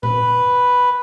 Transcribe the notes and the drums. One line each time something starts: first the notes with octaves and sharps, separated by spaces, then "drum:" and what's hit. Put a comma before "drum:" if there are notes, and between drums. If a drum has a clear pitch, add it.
B4, drum: tom A#2